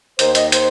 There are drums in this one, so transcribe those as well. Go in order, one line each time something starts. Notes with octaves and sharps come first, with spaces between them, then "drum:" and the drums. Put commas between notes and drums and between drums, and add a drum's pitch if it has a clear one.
D#2 D#3 A#3 C5, drum: hi-hat
D#5, drum: hi-hat
C5, drum: hi-hat